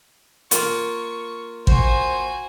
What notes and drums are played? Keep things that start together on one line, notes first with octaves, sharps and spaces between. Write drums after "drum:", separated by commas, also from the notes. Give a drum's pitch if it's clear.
A#3 F4 C#6, drum: hi-hat
F#4 C5 G#5, drum: kick